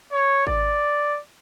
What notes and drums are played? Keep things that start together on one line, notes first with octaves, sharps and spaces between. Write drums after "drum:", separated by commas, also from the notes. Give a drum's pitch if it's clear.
C#5
D5, drum: kick G#1